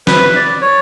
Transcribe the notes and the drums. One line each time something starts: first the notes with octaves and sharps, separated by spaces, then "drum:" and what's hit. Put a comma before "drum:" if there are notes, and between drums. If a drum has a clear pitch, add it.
B4, drum: snare
D5
C#5